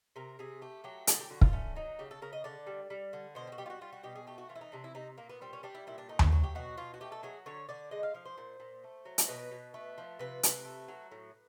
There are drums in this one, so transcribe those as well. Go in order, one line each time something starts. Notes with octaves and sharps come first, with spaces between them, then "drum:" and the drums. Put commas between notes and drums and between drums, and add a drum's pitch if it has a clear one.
C3 A#4
C3 G#4
A3 G4
F#3 G4
D3 G#4, drum: hi-hat
G4
D3 F#4
F4, drum: kick
A3 C#4
F#3 D#4
C#3 G4
A4
C#3 A#4
D#5
D3 D5
G3
G3
D3
B2 C5
G4
F#4
G3 G4
F4
F#4
G3 F4
F#4
B2 G4
G#4
A3 G4
F#4
E3 F4
E4
D#4
C3 D4
E4
C3 D#4
A#2 A#3
B3
G3 C4
C#4
G3 D4
E4
A#2 E4
D4
A3 D#4
drum: tom D#2
F#3 F#4
G4
B2 F#4
B2 F4
F#4
A3 G4
A4
F#3 G#4
D3 C#5
D3 D5
G#3 D#5
F5
F3 F5
C5
A#2
A#2
A3
F#3
drum: hi-hat
B2 B4
B2
A3 B4
F3
C3 B4
C3, drum: hi-hat
A3
F#3
A2